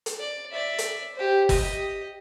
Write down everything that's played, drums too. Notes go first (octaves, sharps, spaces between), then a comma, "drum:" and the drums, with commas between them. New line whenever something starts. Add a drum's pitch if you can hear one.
drum: hi-hat
D5
D5 E5
drum: hi-hat
G4 C5
G4 D#5, drum: kick G1, open hi-hat